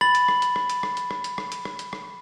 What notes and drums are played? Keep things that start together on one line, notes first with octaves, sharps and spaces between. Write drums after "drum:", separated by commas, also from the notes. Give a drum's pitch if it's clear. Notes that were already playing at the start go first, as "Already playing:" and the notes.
B5 A6 F#7, drum: rim click
drum: hi-hat
drum: rim click
drum: hi-hat
drum: rim click
drum: hi-hat
drum: rim click
drum: hi-hat
drum: rim click
drum: hi-hat
drum: rim click
drum: hi-hat
drum: rim click
drum: hi-hat
drum: rim click